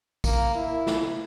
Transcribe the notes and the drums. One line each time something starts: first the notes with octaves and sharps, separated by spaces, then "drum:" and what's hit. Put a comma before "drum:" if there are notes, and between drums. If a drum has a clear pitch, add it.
A#3, drum: kick, tambourine
E4
drum: snare